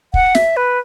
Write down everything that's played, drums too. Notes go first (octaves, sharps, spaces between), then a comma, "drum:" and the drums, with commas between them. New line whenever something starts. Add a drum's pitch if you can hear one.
F#5, drum: kick
E5, drum: snare
B4